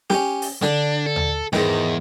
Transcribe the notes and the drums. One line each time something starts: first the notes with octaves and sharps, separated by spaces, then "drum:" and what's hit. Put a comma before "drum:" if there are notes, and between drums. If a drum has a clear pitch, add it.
C#4 G4, drum: snare
drum: open hi-hat
D3 D4, drum: snare
A4
drum: tom D#2
E2 G#2 D#3, drum: snare